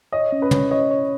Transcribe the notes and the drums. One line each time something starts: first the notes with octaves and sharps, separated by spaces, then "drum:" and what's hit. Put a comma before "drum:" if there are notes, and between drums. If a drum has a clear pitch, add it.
C#5 D#5
C#4
B4
C#5, drum: tom
C#5 D#5
C#5